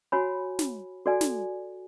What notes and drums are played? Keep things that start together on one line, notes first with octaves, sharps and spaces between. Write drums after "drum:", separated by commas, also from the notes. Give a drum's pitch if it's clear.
F#4 C#5 G#5 B5
drum: snare
F#4 A4 D5 G#5
drum: snare